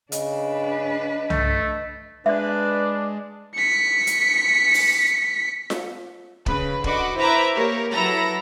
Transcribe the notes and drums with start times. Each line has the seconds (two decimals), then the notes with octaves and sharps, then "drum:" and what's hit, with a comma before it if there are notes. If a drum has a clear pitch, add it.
0.12 C#3 D4 B4 D#5, drum: hi-hat
1.30 A3, drum: tom C2
2.26 G#3 D4 B4 D5 E5
3.55 B6 C#7
4.07 drum: hi-hat
4.74 drum: open hi-hat
5.70 drum: snare F4
6.46 C#3 B4, drum: kick
6.84 D3 F#4 B4 D#5 D6, drum: kick
7.17 E4 B4 C5 E5 A#5 D6
7.53 A#3 G4 A#4 C#5
7.91 F#3 E4 A4 B4 A#5 A#6